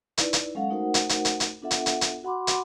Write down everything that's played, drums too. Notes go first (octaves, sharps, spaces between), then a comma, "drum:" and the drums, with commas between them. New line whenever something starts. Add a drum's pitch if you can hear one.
D#4 E4 B4 D5, drum: hi-hat
drum: hi-hat
F#3 G#3 C#4 A4 F5 F#5
A3 D#4 F#4 A#4 C5 F#5
drum: hi-hat
drum: hi-hat
drum: hi-hat
drum: hi-hat
B3 D4 F4 A4 E5 F#5
drum: hi-hat
drum: hi-hat
drum: hi-hat
F#4 F#5 B5 C6 D6
drum: hi-hat